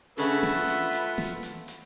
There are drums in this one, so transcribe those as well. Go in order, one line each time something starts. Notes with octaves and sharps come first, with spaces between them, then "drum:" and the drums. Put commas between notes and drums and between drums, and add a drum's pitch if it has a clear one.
C#3 A3 D4 A4 B4 E5 F#5, drum: hi-hat
drum: snare
F4
drum: hi-hat
drum: hi-hat
drum: snare
drum: hi-hat
drum: hi-hat